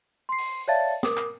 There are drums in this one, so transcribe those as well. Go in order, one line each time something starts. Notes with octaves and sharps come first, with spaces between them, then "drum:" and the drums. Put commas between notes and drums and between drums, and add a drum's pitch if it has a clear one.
C6 C7
drum: open hi-hat
C#5 D5 E5 F5 A5 A6
A#4 D6 D#6, drum: snare
drum: clap